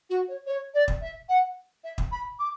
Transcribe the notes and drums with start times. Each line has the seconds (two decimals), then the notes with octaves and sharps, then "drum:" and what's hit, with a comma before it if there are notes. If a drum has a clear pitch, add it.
0.10 F#4
0.28 C#5
0.46 C#5
0.74 D5
0.88 drum: kick
1.01 E5
1.29 F#5
1.84 E5
1.98 drum: kick
2.12 B5
2.39 D6